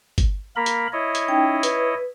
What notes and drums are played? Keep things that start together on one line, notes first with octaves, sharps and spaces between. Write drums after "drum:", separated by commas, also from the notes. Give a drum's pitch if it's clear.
drum: kick, hi-hat
A#3 A#4 B5
drum: hi-hat
E4 C#5 D#5
drum: hi-hat
C#4 D#4 G5
B4, drum: hi-hat